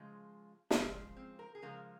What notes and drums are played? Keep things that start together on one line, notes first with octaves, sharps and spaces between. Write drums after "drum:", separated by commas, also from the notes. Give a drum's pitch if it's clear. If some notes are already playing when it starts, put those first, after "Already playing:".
Already playing: C#3 F3 G#3
C#3 F3 G#3 C4, drum: snare
C4
A#4
G#4
C#3 F3 G#3 A#4